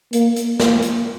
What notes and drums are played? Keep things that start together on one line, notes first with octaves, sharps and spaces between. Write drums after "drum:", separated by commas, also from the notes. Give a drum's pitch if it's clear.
A#3, drum: hi-hat
drum: hi-hat
A#3, drum: snare
drum: hi-hat